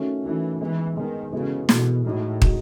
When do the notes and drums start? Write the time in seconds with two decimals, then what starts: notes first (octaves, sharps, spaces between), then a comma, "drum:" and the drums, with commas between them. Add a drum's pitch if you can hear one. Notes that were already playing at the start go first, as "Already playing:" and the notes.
Already playing: D#3 A3 C#4 F#4
0.24 D#3 E3 A3 C#4 F#4
0.61 E3 G#3 B3 D#4
0.97 D#3 G#3 B3 D#4
1.32 C#3 E3 G#3 B3 F#4 A4
1.69 B2 E3 G#3 B3 F#4 A4, drum: snare
2.05 A2 G#3 D#4 F#4
2.42 G#3 D#4 F#4, drum: kick